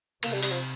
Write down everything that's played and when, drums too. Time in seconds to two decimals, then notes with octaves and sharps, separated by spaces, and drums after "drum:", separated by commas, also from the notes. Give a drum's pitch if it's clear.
0.23 C3 A#3, drum: cymbal
0.33 G3
0.43 G3, drum: open hi-hat
0.52 F3